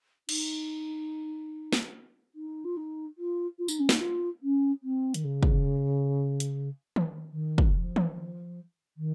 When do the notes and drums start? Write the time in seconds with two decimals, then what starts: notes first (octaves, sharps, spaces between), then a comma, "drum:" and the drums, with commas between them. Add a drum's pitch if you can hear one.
0.29 D#4, drum: cymbal
1.73 drum: snare
2.35 D#4
2.64 F4
2.77 D#4
3.18 F4
3.59 F4
3.68 D#4, drum: tambourine
3.79 C#4
3.89 D#4, drum: snare
4.00 F4
4.42 C#4
4.83 C4
5.14 D#3, drum: hi-hat
5.24 C#3
5.43 drum: kick
6.40 drum: hi-hat
6.96 drum: tom D#3
7.31 D#3
7.58 drum: kick
7.73 F3
7.96 drum: tom D#3
8.97 D#3